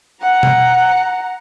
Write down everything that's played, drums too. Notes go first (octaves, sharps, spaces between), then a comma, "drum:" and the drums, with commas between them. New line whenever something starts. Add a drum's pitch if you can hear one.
F#5 A#5
drum: tom B2